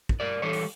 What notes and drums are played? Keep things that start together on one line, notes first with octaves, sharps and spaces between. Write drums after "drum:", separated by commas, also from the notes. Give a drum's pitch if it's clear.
drum: kick
G2 A#4 D5
E3 G3 A4 C#5
drum: open hi-hat